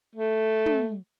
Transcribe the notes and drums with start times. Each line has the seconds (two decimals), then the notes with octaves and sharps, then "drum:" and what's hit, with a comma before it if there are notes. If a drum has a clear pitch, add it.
0.15 A3
0.66 drum: tom